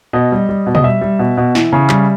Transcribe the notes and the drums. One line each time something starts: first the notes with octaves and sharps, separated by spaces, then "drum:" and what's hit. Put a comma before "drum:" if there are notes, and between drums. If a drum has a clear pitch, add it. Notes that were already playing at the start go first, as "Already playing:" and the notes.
B2 D#5
G3
G3
B2
D#5, drum: tom B2
G3 E5
G3
B2
B2
E3, drum: snare
C#3
G3, drum: clap